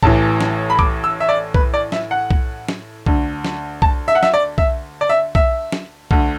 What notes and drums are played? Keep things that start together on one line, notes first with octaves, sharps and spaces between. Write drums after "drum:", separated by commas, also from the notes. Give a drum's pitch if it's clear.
A1 A2 E3 A5, drum: kick B1
drum: snare
B5
D6, drum: kick B1
E6
E5
D5
B4, drum: kick B1
D5
E5, drum: snare
F#5
drum: kick B1
drum: snare
D2 D3, drum: kick B1
drum: snare
A5, drum: kick B1
E5
F#5
E5, drum: snare
D5
E5, drum: kick B1
D5
E5
E5, drum: kick B1
drum: snare
D2 D3, drum: kick B1